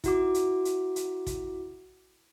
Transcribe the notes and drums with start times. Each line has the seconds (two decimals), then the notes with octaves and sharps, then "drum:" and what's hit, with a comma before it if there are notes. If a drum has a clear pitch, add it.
0.04 E4 F#4 D6, drum: kick, hi-hat
0.34 drum: hi-hat
0.65 drum: hi-hat
0.96 drum: hi-hat
1.27 drum: kick, hi-hat